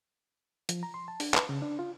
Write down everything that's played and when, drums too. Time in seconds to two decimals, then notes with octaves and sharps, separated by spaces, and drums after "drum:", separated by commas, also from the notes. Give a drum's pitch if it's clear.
0.69 F3, drum: hi-hat
0.83 A#5
0.94 C6
1.08 A5
1.20 D4, drum: open hi-hat
1.34 B4, drum: clap
1.49 C#3
1.62 D4
1.79 F4